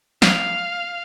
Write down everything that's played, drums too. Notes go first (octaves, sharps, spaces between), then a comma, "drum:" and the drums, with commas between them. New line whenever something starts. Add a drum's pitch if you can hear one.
F5, drum: snare